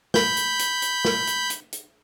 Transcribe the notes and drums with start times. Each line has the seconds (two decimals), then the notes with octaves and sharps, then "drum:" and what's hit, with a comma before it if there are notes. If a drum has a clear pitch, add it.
0.14 B5 G6, drum: snare
0.37 drum: hi-hat
0.59 drum: hi-hat
0.82 drum: hi-hat
1.05 drum: snare
1.27 drum: hi-hat
1.50 drum: hi-hat
1.73 drum: hi-hat